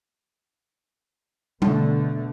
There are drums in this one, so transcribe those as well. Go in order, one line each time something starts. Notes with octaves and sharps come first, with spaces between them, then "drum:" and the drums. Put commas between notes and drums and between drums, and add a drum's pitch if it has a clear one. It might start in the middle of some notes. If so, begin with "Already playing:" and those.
B2 D3 A3, drum: tom G3